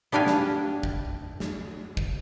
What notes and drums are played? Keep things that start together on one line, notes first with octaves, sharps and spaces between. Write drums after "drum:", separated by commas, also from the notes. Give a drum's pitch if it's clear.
B3 D4 G4 F5 G#5
drum: snare
drum: kick
drum: snare
drum: kick